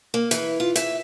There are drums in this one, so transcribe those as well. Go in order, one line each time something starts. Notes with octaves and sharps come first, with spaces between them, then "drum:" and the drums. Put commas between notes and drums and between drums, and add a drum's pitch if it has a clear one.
A#3
E3, drum: hi-hat
F4
E5, drum: hi-hat